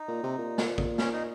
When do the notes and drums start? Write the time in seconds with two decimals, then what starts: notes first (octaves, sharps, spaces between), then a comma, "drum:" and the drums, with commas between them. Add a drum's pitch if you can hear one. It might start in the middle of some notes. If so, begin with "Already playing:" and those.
Already playing: D#4
0.08 A#2
0.23 C3
0.38 A#2
0.58 drum: snare
0.78 drum: kick
0.98 C#4, drum: snare
1.12 D#4